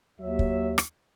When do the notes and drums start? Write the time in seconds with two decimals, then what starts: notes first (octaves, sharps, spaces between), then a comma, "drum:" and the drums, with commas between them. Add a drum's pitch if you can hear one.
0.20 D#2 F#3 E5
0.39 drum: kick
0.78 drum: rim click